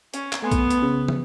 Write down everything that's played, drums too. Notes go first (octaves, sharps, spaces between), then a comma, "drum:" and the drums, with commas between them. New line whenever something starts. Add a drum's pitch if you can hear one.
C#4, drum: hi-hat
drum: clap
A3 B3 G#5 C6
drum: kick A#1, hi-hat
drum: hi-hat
C#3
drum: tom